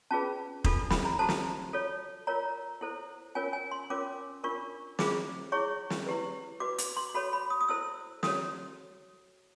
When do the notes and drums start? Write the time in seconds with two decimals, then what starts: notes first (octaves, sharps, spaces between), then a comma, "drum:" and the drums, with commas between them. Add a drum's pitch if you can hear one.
0.11 C#4 F4 G#4 B4 A5
0.64 D4 F4 A4, drum: kick F1
0.90 B5, drum: snare
1.05 A#5
1.19 F#4 A4 C5 A5
1.29 drum: snare
1.73 F4 A4 C#5
2.27 F4 A#4 C#5 A#5
2.81 E4 A4 C5
3.35 C#4 F4 A#4 C#5 G#5
3.53 G#5
3.71 C6
3.90 C#4 F4 A#4 C#5 D6
4.44 D4 F4 A#4 C#6
4.99 F4 G#4 C5 D6, drum: snare
5.52 E4 G#4 C#5 C#6
5.90 drum: snare
6.07 E4 G4 B4
6.60 F#4 B4 D6
6.78 D6, drum: hi-hat
6.97 C6
7.15 F#4 A4 C#5 B5
7.33 B5
7.50 D#6
7.61 D#6
7.68 E4 A4 C5 E6
8.23 F#4 A4 C#5 D#6, drum: snare